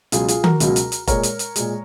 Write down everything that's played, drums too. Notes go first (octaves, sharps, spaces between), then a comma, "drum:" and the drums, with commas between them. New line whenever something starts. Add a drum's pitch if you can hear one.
C#2 B2 F#3 F4 G#4, drum: hi-hat
F4 G#4, drum: hi-hat
F#4 A#4, drum: tom D#3
C#2 B2 F#3, drum: hi-hat
drum: hi-hat
drum: hi-hat
A#2 G#3 A#4 C#5, drum: kick F1, hi-hat
drum: hi-hat
drum: hi-hat
A#2 G#3, drum: hi-hat